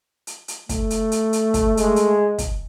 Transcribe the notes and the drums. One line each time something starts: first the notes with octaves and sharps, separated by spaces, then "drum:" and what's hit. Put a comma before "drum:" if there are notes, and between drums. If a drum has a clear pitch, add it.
drum: hi-hat
drum: hi-hat
A3, drum: kick, hi-hat
drum: hi-hat
drum: hi-hat
drum: hi-hat
drum: kick, hi-hat
G#3, drum: hi-hat
drum: hi-hat
drum: kick, hi-hat